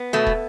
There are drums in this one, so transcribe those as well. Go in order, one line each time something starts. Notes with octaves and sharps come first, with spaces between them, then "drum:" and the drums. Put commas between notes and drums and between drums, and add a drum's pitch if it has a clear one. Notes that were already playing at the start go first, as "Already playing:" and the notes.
Already playing: B3
B2 A3
drum: kick